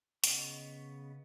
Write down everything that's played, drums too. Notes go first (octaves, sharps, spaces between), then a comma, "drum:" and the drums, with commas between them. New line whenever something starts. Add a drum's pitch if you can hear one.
C#3 B3 D#5 F#5 C#6, drum: hi-hat